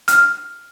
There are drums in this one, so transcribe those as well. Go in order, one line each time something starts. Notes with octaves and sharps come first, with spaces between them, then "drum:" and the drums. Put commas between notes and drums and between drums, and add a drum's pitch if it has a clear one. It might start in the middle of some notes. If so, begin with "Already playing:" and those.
F6, drum: hi-hat